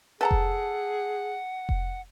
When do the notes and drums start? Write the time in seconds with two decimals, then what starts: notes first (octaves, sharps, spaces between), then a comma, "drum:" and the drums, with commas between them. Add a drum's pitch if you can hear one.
0.21 G#4 A4 B4 F#5 A5 A#5
0.31 drum: kick F1
1.69 drum: kick F1